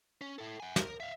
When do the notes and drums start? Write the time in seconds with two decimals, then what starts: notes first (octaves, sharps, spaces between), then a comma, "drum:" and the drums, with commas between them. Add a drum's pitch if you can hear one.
0.21 C#4
0.38 E4 A4
0.60 F#5 G#5
0.76 A#4, drum: snare
1.00 E5 F5